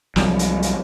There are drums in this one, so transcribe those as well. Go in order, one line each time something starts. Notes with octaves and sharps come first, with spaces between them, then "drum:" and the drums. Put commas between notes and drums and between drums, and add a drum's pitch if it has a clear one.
C2 C3 F3 F#3, drum: snare
drum: hi-hat
drum: hi-hat